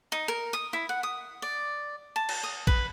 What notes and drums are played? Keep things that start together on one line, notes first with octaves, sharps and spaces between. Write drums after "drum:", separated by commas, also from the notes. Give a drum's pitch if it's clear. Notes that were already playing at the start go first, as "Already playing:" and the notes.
D#4
A#4
D#6
E4
F#5
D#6
D5
A5
drum: cymbal
D#6
B4, drum: kick